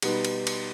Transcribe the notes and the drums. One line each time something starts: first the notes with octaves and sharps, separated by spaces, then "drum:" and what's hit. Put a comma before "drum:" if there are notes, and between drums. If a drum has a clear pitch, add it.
B2 G3 B3 D#4, drum: cymbal
drum: cymbal
drum: cymbal